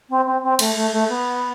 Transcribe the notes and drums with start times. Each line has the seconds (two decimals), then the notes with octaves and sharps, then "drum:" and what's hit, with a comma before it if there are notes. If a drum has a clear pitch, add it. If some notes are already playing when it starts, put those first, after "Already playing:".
0.09 C4
0.26 C4
0.43 C4
0.59 A3, drum: cymbal
0.75 A3
0.92 A3
1.09 B3